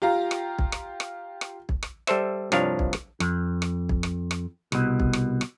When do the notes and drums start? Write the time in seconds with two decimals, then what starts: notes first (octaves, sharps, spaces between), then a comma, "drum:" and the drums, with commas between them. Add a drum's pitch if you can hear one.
0.02 F4 G4 F5 A#5
0.31 drum: rim click
0.59 drum: kick
0.72 drum: rim click
1.00 drum: rim click
1.41 drum: rim click
1.69 drum: kick
1.83 drum: rim click
2.07 G3 A4 C5 E5, drum: rim click
2.52 C2 G2 F3 D4 C#5 F5, drum: rim click
2.79 drum: kick
2.93 drum: rim click
3.20 F2, drum: rim click
3.62 drum: rim click
3.89 drum: kick
4.03 drum: rim click
4.31 drum: rim click
4.72 C2 B2, drum: rim click
5.00 drum: kick
5.13 drum: rim click
5.41 drum: rim click